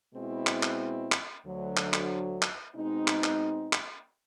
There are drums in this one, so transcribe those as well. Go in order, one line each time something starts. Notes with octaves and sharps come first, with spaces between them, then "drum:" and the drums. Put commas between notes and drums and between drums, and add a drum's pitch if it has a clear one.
B2 G#3 C4 E4
drum: clap
drum: clap
drum: clap
D2 D3 F#3
drum: clap
drum: clap
drum: clap
B2 G#3 C4 D#4
drum: clap
drum: clap
drum: clap